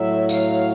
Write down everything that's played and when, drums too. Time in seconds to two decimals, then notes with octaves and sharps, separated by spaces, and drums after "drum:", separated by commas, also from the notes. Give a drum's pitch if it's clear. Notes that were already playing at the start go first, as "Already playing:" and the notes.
Already playing: A2 F#3 E5
0.29 F5, drum: tambourine